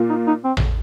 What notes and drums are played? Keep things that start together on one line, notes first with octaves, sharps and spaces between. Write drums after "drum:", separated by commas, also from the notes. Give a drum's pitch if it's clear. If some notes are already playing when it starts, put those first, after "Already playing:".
Already playing: A#2 A#3 F4
D#4
D#4
C4
drum: tom A1